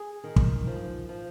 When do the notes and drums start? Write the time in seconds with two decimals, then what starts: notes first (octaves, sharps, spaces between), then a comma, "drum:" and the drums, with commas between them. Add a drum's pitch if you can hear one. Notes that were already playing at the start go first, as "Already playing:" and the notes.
Already playing: G#4
0.24 D#3
0.36 drum: kick
0.67 F3
1.09 F3